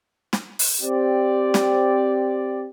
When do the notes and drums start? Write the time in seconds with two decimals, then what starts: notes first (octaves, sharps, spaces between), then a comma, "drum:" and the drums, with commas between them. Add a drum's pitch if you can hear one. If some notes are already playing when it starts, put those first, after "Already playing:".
0.33 drum: snare
0.59 drum: open hi-hat
0.80 C4 G4 D5
1.54 drum: snare